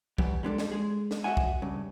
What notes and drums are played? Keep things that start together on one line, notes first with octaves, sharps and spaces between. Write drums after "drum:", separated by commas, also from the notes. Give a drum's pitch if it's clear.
E3 F#3 G3, drum: kick
G3 G#3 D4 A4
drum: snare
G#3 G#4
drum: snare
F#4 D#5 E5 F#5 G#5
drum: kick
G2 C#3